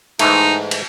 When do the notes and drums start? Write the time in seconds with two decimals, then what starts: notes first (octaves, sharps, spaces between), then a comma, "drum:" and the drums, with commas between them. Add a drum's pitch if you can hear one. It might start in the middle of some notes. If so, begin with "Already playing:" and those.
0.19 G#2 E3 A3 D#4, drum: cymbal
0.71 drum: cymbal